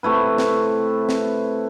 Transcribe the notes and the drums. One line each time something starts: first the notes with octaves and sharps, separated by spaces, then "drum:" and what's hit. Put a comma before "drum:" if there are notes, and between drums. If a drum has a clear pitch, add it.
C3 A3 E4 B4
drum: snare
drum: snare